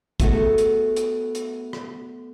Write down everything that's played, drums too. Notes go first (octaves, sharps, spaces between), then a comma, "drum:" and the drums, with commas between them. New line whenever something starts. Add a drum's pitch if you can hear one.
A3 B3 F#4 G#4 A4, drum: kick, hi-hat
drum: hi-hat
drum: hi-hat
drum: hi-hat
drum: rim click